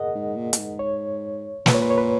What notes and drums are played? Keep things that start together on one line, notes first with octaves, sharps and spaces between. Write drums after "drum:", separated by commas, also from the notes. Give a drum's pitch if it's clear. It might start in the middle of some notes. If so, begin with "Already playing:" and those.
Already playing: G#4 A#4 D#5 F#5
G#2
A#2
A#2, drum: hi-hat
G#2
C#5
A#2 B4, drum: snare
C#5
B4
C#5
B4